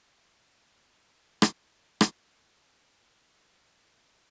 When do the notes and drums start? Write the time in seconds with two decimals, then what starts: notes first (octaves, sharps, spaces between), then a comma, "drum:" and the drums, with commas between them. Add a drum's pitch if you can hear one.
0.22 D#3 G3 C#4 F#4 D5
1.09 A#2
1.42 drum: rim click
2.01 drum: rim click
2.49 C6 A#6
2.76 C5 A#5
2.89 D4
3.02 G4 E5 B6
3.18 B3 C#5
3.54 F#3